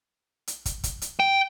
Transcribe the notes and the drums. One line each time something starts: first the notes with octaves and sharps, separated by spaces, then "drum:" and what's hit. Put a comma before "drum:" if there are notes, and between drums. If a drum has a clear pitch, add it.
drum: hi-hat
drum: kick, hi-hat
drum: kick, hi-hat
drum: hi-hat
G5